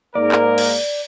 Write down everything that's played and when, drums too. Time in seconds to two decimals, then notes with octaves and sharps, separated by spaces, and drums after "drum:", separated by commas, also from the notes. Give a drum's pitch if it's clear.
0.15 G#2 A#3 A#4 D5
0.32 drum: clap
0.58 drum: cymbal